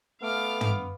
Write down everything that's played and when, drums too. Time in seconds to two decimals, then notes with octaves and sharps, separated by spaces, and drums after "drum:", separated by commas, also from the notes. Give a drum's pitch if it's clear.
0.22 A3 B3 F5 D6 F6
0.61 drum: tom